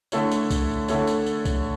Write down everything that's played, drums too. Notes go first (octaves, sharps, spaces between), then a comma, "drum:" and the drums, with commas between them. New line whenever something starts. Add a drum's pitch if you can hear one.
D3 A3 E4 A4 C#5, drum: tambourine
drum: tambourine
drum: kick C2, tambourine
D3 A3 E4 A4 C#5, drum: tambourine
drum: tambourine
drum: tambourine
drum: kick C2, tambourine